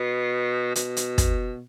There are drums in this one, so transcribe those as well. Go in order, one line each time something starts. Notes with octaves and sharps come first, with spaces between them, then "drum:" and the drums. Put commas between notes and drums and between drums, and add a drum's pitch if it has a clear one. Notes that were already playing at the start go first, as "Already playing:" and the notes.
Already playing: B2
B2, drum: hi-hat
drum: hi-hat
drum: kick, hi-hat